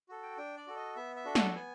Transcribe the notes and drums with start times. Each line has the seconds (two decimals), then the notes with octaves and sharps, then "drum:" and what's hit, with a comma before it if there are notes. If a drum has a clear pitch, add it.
0.09 F#4 A4
0.23 G5
0.38 D4 G5
0.57 D5
0.67 F#4 A4
0.76 D#5
0.96 B3 E5
1.16 E5
1.25 D4 F#4 A4
1.35 F#5, drum: snare
1.55 B3 G#5